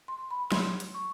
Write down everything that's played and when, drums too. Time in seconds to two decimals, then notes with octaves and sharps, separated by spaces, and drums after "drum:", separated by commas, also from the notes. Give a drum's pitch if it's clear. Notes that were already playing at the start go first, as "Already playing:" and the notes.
0.08 C6
0.31 B5
0.52 C6, drum: snare
0.80 drum: hi-hat
0.94 C#6